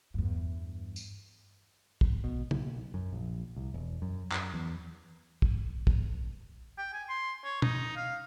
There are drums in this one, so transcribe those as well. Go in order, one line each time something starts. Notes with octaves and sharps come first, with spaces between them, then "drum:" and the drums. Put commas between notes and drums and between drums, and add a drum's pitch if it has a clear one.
E2 G2
drum: tambourine
drum: kick
B2
B1, drum: tom
F#2
A#1
C2
E1
F#2
F#2, drum: clap
E2
drum: kick
drum: kick
G5
G#5
C6
C#5
D#4, drum: tom
F5